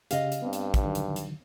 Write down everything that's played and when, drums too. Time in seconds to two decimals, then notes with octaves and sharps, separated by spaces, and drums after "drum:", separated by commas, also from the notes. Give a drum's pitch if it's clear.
0.11 C#3 G4 D#5 F5, drum: hi-hat
0.32 drum: hi-hat
0.42 G2 B3 C4
0.53 drum: hi-hat
0.74 drum: kick, hi-hat
0.84 D3 D#3 F#3
0.95 drum: hi-hat
1.16 drum: hi-hat